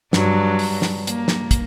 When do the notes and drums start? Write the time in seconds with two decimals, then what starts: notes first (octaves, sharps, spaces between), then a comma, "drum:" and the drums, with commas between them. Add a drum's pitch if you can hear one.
0.13 G2 F#3, drum: snare
0.59 drum: open hi-hat
0.82 drum: snare
1.07 A#3, drum: hi-hat
1.28 drum: snare
1.51 drum: kick, hi-hat